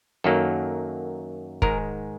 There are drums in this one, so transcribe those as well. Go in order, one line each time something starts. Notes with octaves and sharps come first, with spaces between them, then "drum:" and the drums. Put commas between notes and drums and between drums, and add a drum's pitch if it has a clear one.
F#2 D#3 F#3 A#3 A4
G#2 D#3 G#3 A#4, drum: kick